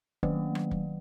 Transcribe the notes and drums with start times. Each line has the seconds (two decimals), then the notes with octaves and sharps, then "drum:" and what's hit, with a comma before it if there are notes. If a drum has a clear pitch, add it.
0.23 D#3 F#3 A3 A#3, drum: kick
0.55 drum: rim click
0.71 drum: kick